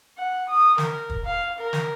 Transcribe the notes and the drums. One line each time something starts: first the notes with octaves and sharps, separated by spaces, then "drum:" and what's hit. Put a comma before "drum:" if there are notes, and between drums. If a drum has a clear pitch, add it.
F#5
D#6
A#4, drum: snare
drum: kick
F5
A#4
drum: snare